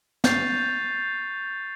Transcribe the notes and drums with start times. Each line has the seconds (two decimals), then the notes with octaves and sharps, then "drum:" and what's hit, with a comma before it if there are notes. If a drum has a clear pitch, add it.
0.24 C#6 G6 A6 C7 F7, drum: snare